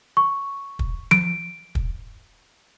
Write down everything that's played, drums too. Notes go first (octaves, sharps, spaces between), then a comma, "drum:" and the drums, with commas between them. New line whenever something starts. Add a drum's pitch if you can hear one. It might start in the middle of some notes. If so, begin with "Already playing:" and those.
C#6
drum: kick
D7, drum: tom F3
drum: kick